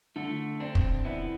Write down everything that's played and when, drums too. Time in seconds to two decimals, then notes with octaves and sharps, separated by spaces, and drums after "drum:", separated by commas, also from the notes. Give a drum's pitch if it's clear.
0.16 D3 A3
0.60 C4 D4
0.75 drum: kick
1.05 B3 E4